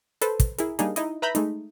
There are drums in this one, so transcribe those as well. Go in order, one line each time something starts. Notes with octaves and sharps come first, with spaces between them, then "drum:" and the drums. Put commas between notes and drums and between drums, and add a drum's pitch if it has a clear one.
A4 B4 C5, drum: hi-hat
drum: kick, hi-hat
E4 G#4 A#4, drum: hi-hat
G3 A#3 D4 D#4 G#4, drum: hi-hat
D#4 E4 D#5, drum: hi-hat
B4 E5 A#5 B5 G6
G#3 A3 D#4, drum: hi-hat